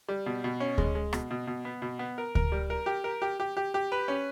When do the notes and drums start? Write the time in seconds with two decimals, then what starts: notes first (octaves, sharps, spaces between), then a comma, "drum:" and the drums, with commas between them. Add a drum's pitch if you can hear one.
0.08 G3
0.26 B2
0.44 B2
0.60 C#4
0.78 G#3, drum: kick D2
0.95 G#3
1.13 B2, drum: rim click
1.31 B2
1.47 B2
1.65 B3
1.82 B2
1.99 B3
2.18 A#4
2.35 A#4, drum: kick D2
2.52 G3
2.70 A#4
2.86 G4
3.04 A#4
3.22 G4
3.40 G4
3.57 G4
3.74 G4
3.92 B4
4.08 C#4